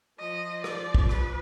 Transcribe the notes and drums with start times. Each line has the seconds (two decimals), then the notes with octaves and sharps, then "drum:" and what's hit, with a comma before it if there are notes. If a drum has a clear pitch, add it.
0.19 F3 D#5
0.64 D5, drum: rim click
0.94 drum: kick
1.09 B4, drum: rim click